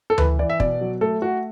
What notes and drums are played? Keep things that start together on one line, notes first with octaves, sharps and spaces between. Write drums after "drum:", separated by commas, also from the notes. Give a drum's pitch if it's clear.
A4
E3 B4, drum: tom D2
E3 D5
E5
B2 D5, drum: kick
F#3
A3 A4
A3 F#4